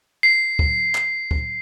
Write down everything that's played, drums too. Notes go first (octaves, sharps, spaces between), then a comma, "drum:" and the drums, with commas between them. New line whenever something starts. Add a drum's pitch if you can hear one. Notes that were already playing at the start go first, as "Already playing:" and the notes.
C7
drum: kick
drum: clap
drum: kick